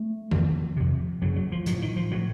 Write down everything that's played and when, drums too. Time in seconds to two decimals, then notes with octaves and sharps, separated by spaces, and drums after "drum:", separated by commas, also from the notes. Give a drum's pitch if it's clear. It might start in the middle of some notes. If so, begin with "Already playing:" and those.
Already playing: A3
0.31 F2 C#3, drum: tom D#3
0.76 F2 C3
1.22 F#2 C#3 F#3
1.36 F#3
1.52 F3
1.66 A2 F3, drum: hi-hat
1.82 D#3
1.96 F3
2.11 A2 F#3